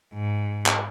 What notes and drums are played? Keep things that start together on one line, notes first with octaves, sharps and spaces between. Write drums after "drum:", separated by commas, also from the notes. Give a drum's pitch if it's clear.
G#2
drum: clap